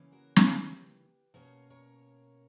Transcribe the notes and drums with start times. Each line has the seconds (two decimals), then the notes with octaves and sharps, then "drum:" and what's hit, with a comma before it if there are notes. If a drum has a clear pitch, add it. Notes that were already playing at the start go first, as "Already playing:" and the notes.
Already playing: C#3 E3 A#3 C#4
0.12 F#4 A#4
0.36 G4 B4, drum: snare
1.34 B2 A#3 C#4 A#4 C#5
1.70 A#4 C#5